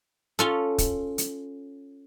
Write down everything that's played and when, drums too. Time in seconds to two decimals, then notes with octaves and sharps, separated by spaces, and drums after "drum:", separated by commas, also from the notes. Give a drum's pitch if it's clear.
0.39 C#4 F4 A4
0.78 drum: kick, hi-hat
1.18 drum: hi-hat